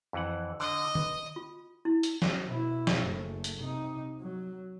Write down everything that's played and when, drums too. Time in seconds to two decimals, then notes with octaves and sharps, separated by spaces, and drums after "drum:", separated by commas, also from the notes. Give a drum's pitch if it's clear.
0.13 F2 E3 F#5
0.60 D3 D#5
0.95 B4, drum: tom
1.36 F4
1.85 E4
2.03 drum: hi-hat
2.22 drum: snare
2.46 B2 E4
2.87 drum: snare
3.00 F#1 A3
3.44 drum: hi-hat
3.61 C3 D#4
4.21 F#3